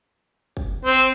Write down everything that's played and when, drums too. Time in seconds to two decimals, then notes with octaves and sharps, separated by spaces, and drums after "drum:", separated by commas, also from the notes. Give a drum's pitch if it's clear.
0.57 drum: kick
0.85 C4